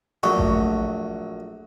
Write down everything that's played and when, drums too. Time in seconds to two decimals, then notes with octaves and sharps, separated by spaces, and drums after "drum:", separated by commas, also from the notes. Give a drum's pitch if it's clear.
0.23 A#1 F#3 A3 C#6
0.38 drum: kick A1